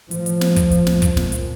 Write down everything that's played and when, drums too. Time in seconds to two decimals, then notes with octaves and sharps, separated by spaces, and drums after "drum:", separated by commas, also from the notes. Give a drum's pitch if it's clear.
0.11 A2 F3, drum: hi-hat
0.26 drum: hi-hat
0.41 drum: snare
0.56 drum: kick, hi-hat
0.71 drum: hi-hat
0.87 drum: snare
1.02 A#2, drum: kick, hi-hat
1.17 drum: snare
1.32 drum: hi-hat